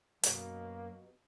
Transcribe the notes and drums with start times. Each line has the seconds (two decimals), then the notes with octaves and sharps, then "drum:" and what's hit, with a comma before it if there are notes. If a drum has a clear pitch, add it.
0.23 F#2 B2 A#3, drum: hi-hat